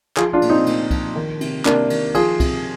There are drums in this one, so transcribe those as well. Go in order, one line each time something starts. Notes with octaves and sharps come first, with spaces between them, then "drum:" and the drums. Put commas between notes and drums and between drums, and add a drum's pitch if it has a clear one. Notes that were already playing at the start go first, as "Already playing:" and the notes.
F3 F4 G#4, drum: clap
D4 F4
A#2, drum: cymbal
C4 D#4
A#2, drum: cymbal
F3, drum: kick C2, cymbal
D#3
C3, drum: cymbal
C3 A#3 D4, drum: clap
D#3, drum: cymbal
F3 F4 G#4, drum: cymbal
C3, drum: kick C2, cymbal